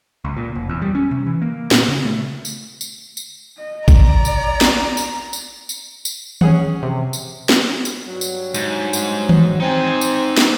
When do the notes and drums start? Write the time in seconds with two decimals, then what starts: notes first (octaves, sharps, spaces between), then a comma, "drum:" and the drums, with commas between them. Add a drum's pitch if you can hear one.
0.25 C#2
0.37 A#2
0.55 F1
0.69 E2
0.82 G3
0.95 C#4
1.11 C3
1.27 E3
1.42 A#3
1.71 A#2, drum: snare
1.89 C#3
2.05 A3
2.45 drum: tambourine
2.81 drum: tambourine
3.17 drum: tambourine
3.58 D#5
3.88 D5 A#5, drum: kick A1, tambourine
4.25 drum: tambourine
4.61 drum: snare
4.97 drum: tambourine
5.33 drum: tambourine
5.69 drum: tambourine
6.05 drum: tambourine
6.41 C#4 G#4 F#5, drum: tom D#3
6.83 C3
7.13 drum: tambourine
7.49 drum: snare
7.85 drum: tambourine
8.07 G2 F#3
8.21 drum: tambourine
8.54 G#2, drum: tambourine
8.93 drum: tambourine
9.29 drum: tom D#3
9.60 C4 D#4 G#5
10.01 drum: tambourine
10.37 drum: snare